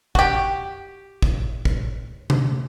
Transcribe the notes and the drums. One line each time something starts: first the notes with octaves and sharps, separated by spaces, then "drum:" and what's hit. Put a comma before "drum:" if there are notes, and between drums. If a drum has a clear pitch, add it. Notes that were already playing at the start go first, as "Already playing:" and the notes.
F#4 G4, drum: kick
drum: kick
drum: kick
drum: tom C3